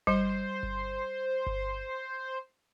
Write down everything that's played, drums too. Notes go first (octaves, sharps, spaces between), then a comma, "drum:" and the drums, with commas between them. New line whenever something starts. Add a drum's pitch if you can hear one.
G3 C5, drum: kick G1
drum: kick G1
drum: kick G1